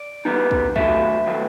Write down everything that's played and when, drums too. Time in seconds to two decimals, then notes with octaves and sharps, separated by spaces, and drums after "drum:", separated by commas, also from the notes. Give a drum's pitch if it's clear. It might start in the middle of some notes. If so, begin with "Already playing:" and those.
Already playing: D5
0.25 E3 G3 B3 D#4
0.51 drum: kick
0.76 D#3 F#3 A3 E5, drum: kick
1.26 D#3 F#3 A3